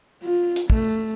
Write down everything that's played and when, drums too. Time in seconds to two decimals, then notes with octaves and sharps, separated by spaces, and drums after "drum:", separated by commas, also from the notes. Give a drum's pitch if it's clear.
0.23 F4
0.56 drum: hi-hat
0.70 A3, drum: kick